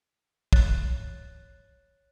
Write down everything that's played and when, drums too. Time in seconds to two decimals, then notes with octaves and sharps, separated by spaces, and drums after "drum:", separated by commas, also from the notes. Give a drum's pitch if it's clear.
0.53 C#5 F#6 A6, drum: kick